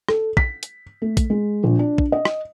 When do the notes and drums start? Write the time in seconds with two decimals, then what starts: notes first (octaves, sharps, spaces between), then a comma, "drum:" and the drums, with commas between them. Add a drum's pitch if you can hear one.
0.09 A4, drum: rim click
0.37 B6, drum: kick
0.63 drum: hi-hat
1.02 A3
1.17 drum: kick, hi-hat
1.30 G#3
1.64 A#1
1.79 D4
1.98 drum: kick
2.12 D#5
2.25 drum: rim click